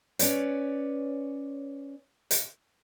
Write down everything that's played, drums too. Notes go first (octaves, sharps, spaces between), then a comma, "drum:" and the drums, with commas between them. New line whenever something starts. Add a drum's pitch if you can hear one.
C#4 B4 C#5 D5, drum: hi-hat
drum: hi-hat